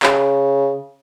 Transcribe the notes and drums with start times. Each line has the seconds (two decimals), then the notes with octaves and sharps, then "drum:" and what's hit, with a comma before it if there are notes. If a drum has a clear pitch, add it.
0.03 C#3, drum: clap